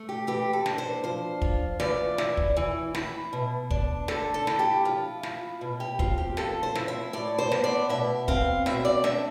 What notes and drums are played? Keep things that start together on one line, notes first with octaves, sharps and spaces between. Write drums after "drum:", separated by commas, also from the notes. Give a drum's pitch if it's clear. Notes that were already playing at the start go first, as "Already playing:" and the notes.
Already playing: A3
G4
E3 G4
A4
D4, drum: snare
C5
F3 C5
F4, drum: kick
E3 D5, drum: snare
E4, drum: snare
drum: kick
E3
E4, drum: snare
B2
D4, drum: kick
D3 A4, drum: snare
A4
E4, drum: snare
G4
F3 F4
E4, drum: snare
B2
G4
C4 F4, drum: kick
G4
F3 A4, drum: snare
C5
E4, drum: snare
E5
A2 D5
C5
B3, drum: snare
D5
B2 E5
C4 F5, drum: kick
B2 E5, drum: snare
D5
D4 E5, drum: snare